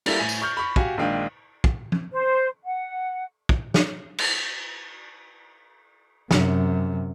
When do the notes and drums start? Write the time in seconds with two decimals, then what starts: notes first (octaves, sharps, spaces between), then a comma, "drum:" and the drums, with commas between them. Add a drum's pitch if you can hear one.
0.06 G3 A#3 E4 A4, drum: cymbal
0.19 A2 G#5
0.29 drum: tambourine
0.42 C#6 F6 G6
0.57 B5 C#6
0.76 F#4 G4 F5 G#5, drum: kick
0.98 A#1 D#3 G#3 D4 F5 G5
1.64 drum: kick
1.92 drum: tom
2.12 C5
2.64 F#5
3.49 drum: kick
3.74 drum: snare
4.18 drum: cymbal
6.31 F#2 C3, drum: snare